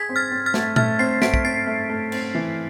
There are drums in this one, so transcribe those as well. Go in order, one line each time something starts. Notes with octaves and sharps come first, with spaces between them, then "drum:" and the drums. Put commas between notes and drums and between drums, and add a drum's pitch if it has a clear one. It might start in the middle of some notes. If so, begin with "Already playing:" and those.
Already playing: G#4 G#6 B6
C4
F6 A6
C4
F6 A6
A3, drum: snare
A3 F6 A6, drum: tom A#2
C4 A6 C7
A3 B6 D7, drum: snare
D7, drum: kick
C4 A6 C7
A3
A3
C4, drum: cymbal
E3